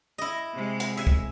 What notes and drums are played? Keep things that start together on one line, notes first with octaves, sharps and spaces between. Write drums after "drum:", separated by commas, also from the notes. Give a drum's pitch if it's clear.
E4 D#5
C3 G#3
drum: hi-hat
E5 G#5
drum: kick